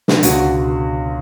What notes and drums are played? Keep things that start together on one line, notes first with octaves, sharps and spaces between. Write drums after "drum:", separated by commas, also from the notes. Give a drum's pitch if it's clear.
D3, drum: snare
C#2 F#4, drum: hi-hat
B2 F#4